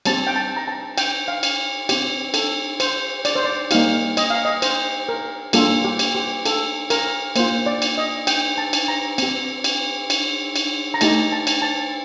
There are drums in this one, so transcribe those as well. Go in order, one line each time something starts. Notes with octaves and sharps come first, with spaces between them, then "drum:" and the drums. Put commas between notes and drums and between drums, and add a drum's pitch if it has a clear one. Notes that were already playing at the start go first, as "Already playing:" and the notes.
G3 C4 G4 A5, drum: cymbal
G5
A5
A#5
A5
G5, drum: cymbal
F5
drum: cymbal
C4 G4, drum: cymbal
A4, drum: cymbal
C5, drum: cymbal
D5, drum: cymbal
C5
D5
G3 A#3 D#4 G4 F5, drum: cymbal
D#5, drum: cymbal
F5
D#5
C5, drum: cymbal
A#4
G3 A#3 D4 F4 A4, drum: cymbal
G4
drum: cymbal
G4
A4, drum: cymbal
A#4, drum: cymbal
A#3 F4 C5, drum: cymbal
D5
drum: cymbal
D#5
G5, drum: cymbal
A5
drum: cymbal
A#5
C4 G4, drum: cymbal
drum: cymbal
drum: cymbal
drum: cymbal
A#5
A3 D#4 G4 A5, drum: cymbal
A5
drum: cymbal
A5